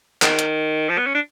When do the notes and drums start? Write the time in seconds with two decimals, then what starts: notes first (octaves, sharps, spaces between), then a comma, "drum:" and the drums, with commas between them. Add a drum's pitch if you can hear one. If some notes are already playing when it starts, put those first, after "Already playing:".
0.22 D#3, drum: clap
0.39 drum: hi-hat
0.89 F3
0.98 B3
1.06 C#4
1.15 D4